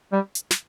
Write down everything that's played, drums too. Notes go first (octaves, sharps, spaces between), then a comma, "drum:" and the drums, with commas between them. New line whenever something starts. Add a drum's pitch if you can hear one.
G3
drum: hi-hat
drum: snare